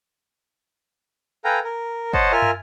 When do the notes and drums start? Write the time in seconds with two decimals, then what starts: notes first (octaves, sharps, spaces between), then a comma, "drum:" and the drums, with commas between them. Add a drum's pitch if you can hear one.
1.45 A4 B4 F5 G5 G#5 A#5
1.64 A#4
2.13 C5 C#5 D#5 F#5 A5, drum: kick
2.32 F4 A#4 E5 G#5 F6
2.42 drum: tom